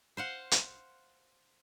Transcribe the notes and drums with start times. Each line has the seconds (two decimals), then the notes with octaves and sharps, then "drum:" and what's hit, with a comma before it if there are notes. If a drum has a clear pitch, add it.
0.17 C5 F5 F#5
0.51 drum: hi-hat